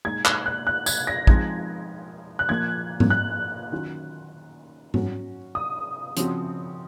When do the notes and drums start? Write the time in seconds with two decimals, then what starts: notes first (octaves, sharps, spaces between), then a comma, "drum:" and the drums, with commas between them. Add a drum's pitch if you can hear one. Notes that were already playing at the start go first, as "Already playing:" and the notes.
0.05 A#2 G#3 D#4 G#6
0.25 F#6, drum: clap
0.46 F#6
0.67 F#6
0.86 G#6, drum: tambourine
1.07 A#6
1.27 F3 G#3 C4 D#4 G#6, drum: kick
2.39 F#6
2.49 A#2 F3 A#3 G#6
3.00 drum: tom
3.10 F#6
3.72 D#3 F#3 C#4 F4
4.94 F#3 C#4 F#4, drum: tom
5.55 D#6
6.17 C#3 F3 C4 F#4, drum: hi-hat